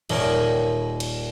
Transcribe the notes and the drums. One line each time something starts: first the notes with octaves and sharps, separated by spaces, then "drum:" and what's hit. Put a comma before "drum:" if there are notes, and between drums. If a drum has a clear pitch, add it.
D#1 A#4 C#5 G5 A#6, drum: cymbal
drum: cymbal